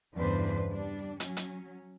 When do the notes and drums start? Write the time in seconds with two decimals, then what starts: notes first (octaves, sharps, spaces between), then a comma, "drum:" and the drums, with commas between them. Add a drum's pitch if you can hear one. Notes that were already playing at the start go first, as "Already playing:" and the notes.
0.15 E2 G2 C#3 D4 B4 C5
0.69 G3 D4
1.20 F#3 C#4, drum: hi-hat
1.37 drum: hi-hat